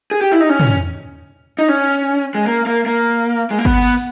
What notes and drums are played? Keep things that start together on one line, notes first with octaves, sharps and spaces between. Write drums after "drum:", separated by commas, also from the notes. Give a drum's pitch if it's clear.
G#4
G4
E4
D#4
C#4
drum: tom
D#4
C#4
G#3
A#3
A#3
A#3
G#3
A#3
B3, drum: kick G#1
drum: cymbal